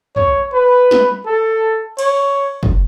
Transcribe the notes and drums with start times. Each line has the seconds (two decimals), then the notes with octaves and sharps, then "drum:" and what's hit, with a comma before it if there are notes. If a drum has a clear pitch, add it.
0.16 C#5, drum: tom
0.53 B4
0.91 drum: snare
1.26 A4
1.99 C#5, drum: cymbal
2.63 drum: kick